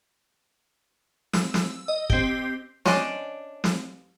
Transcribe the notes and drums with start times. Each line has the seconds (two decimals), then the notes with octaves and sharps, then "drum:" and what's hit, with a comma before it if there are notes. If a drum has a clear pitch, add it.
1.33 E6, drum: snare
1.54 drum: snare
1.88 D#5
2.10 C4 G4, drum: kick
2.85 C#4 D4 C5 D5 D#5, drum: snare
3.64 drum: snare